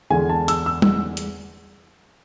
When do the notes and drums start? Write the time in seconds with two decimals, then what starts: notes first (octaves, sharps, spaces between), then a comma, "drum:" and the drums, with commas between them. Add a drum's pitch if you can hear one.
0.10 E2 D3 G#3 G#5
0.30 A5
0.48 E6, drum: hi-hat
0.66 E6
0.82 drum: tom G3
1.17 drum: hi-hat